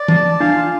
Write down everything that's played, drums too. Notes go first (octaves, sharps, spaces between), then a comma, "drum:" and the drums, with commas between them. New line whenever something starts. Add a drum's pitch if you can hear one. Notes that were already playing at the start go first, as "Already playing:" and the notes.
Already playing: D5
A5, drum: tom
A5
D4 F5
F4